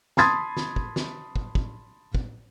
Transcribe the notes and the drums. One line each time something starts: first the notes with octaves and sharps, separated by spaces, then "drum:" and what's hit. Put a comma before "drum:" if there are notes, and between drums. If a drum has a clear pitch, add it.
A5 B5 C6 D#6 G#6 A6, drum: snare
drum: snare
drum: kick
drum: snare
drum: kick
drum: kick
drum: kick